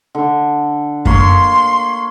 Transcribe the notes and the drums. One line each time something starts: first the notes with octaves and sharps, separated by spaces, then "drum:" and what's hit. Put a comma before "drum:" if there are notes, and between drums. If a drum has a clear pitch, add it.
D3
A#3 C#5 C6, drum: kick F#2